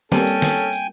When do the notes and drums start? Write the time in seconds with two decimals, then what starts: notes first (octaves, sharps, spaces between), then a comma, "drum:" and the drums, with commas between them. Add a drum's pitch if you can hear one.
0.12 G3 A#3 C4 C#4 A4 G5 G#5, drum: snare
0.27 drum: tambourine
0.42 drum: snare
0.58 drum: tambourine
0.73 drum: tambourine